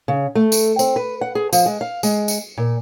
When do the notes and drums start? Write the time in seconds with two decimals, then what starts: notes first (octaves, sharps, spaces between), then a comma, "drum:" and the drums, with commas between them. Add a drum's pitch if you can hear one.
0.08 C#3
0.35 A3
0.52 drum: tambourine
0.79 C4, drum: tambourine
0.96 B4
1.21 F#5
1.35 G#4
1.53 F3, drum: tambourine
1.66 G#3
1.81 F5
2.03 G#3, drum: tambourine
2.28 drum: tambourine
2.58 A#2